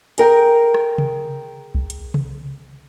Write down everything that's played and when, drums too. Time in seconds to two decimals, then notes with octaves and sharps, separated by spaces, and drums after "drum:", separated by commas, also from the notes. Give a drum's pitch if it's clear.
0.18 G#4 A#4 G5 A#5, drum: hi-hat
0.74 drum: rim click
0.98 drum: tom C3
1.75 drum: kick B1
1.90 drum: hi-hat
2.14 drum: tom C3